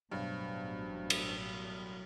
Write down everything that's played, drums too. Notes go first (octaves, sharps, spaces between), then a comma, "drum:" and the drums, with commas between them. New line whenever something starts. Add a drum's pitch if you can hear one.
A1 G2 B2 F#3 D4 C5
drum: cymbal